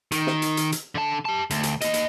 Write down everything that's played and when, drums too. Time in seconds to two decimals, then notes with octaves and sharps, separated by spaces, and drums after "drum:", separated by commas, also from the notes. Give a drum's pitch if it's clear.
0.12 D#3, drum: hi-hat
0.27 drum: snare
0.42 drum: hi-hat
0.57 drum: hi-hat
0.72 drum: hi-hat
0.95 D3 A5
1.25 G4 A5
1.50 D2, drum: hi-hat
1.63 drum: hi-hat
1.81 A#3 D#5, drum: hi-hat
1.94 drum: hi-hat